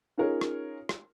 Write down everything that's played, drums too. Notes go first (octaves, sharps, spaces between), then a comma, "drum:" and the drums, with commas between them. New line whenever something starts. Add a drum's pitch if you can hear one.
C#4 D#4 F4 G#4 A#4 C#5
drum: rim click
drum: rim click